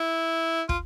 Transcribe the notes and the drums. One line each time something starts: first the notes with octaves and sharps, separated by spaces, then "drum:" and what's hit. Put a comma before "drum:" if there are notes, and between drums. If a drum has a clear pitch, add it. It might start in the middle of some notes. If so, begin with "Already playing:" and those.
Already playing: E4
F4, drum: kick